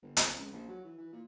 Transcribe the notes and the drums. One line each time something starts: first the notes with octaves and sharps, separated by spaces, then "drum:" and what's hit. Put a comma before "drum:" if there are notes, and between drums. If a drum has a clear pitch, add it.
G1
F2, drum: hi-hat
C#2
A#1
F#3
E3
E3
A#2